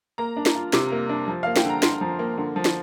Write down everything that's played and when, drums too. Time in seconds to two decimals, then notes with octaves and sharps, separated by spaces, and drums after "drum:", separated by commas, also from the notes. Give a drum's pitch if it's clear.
0.18 A#3 A#5
0.37 D4
0.46 drum: snare
0.55 F4
0.73 C3 D6, drum: snare
0.92 A#3
1.09 D4
1.28 F3
1.43 A#3 F5
1.56 G5, drum: snare
1.65 D3
1.70 A#5
1.83 D3 C6, drum: snare
2.01 F3
2.19 A#3
2.38 D3
2.56 F3
2.65 drum: snare